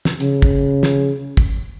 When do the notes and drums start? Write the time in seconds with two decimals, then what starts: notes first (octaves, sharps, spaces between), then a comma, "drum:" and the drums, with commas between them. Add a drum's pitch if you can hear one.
0.05 drum: snare
0.20 C#3, drum: hi-hat
0.42 drum: kick
0.83 drum: snare
1.37 drum: kick